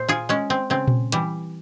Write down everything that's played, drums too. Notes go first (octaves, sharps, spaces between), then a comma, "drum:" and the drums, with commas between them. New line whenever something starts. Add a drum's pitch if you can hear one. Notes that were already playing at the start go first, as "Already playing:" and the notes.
Already playing: A#2 C5
F4 G#4
G#3 C#4
C4
C#3 C4
drum: tom A#2
E3 G3, drum: hi-hat